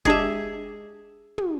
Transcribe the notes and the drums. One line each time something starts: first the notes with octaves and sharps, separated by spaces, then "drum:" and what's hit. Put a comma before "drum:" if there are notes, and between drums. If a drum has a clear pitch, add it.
G#3 D4 G4 G#4 E5, drum: kick F1
drum: tom